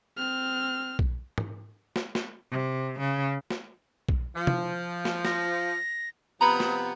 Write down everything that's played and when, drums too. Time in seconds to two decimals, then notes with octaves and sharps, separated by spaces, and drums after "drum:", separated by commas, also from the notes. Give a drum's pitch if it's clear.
0.17 C4 F6
0.99 drum: kick B1
1.38 drum: tom G#2
1.96 drum: snare
2.15 drum: snare
2.51 C3
2.99 C#3
3.50 drum: snare
4.09 drum: kick B1
4.36 F3
4.47 drum: tom
5.05 drum: snare
5.25 A#6, drum: snare
6.41 C3 F3 B3 A#5 B5 D#6
6.60 drum: snare